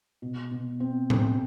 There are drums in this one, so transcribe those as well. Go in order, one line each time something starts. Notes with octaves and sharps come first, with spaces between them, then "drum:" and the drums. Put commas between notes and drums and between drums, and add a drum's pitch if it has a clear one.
B2
B2
C4
C4, drum: tom A2